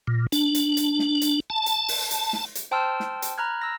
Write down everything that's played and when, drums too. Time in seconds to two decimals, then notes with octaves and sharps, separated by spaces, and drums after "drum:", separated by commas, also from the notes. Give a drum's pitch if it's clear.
0.07 A#2
0.32 D4, drum: hi-hat
0.55 drum: hi-hat
0.77 drum: hi-hat
0.99 drum: snare
1.22 drum: hi-hat
1.50 A5
1.66 drum: hi-hat
1.88 drum: open hi-hat
2.11 drum: hi-hat
2.33 drum: snare
2.55 drum: hi-hat
2.71 C5 G5 A5 C6 E6 F6
3.00 drum: snare
3.22 drum: hi-hat
3.38 A#5 B5 F6 F#6 G#6
3.61 E6 A#6